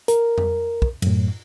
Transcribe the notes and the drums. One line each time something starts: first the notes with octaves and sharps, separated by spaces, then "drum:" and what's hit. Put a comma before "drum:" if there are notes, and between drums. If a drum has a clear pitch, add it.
A#4, drum: hi-hat
drum: tom F2
drum: kick
F#2 A2, drum: cymbal